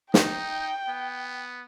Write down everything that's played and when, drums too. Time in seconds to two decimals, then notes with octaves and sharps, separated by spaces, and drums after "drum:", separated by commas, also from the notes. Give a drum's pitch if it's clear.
0.14 D#4 G5, drum: snare
0.88 B3